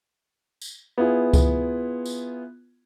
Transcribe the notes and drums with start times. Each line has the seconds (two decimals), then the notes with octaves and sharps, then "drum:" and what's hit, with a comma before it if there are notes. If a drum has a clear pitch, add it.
0.62 drum: tambourine
0.98 B3 E4 F4 G#4
1.34 drum: kick C#2, tambourine
2.06 drum: tambourine